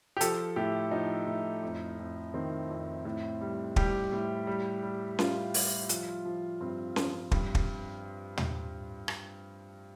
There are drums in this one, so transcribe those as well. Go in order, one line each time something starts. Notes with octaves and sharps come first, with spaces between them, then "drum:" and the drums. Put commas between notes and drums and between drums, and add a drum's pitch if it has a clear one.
G4
F3 A4, drum: hi-hat
A2 G4
F3 D#4
A2
F2
F2
D#3 C4
F2
A2
G3
G3 G4, drum: kick
A2
G3
G3
G3 F4, drum: snare C#4
G3, drum: open hi-hat
F3, drum: hi-hat
F3
G2 C4
F3, drum: snare C#4
G2, drum: kick
drum: kick
drum: tom
drum: rim click